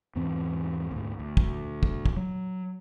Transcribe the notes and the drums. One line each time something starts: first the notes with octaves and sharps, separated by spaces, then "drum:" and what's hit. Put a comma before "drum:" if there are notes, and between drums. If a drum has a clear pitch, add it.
E2 G#2 E3 C4
D2 G#2
D2
drum: kick
drum: kick
drum: kick
F#3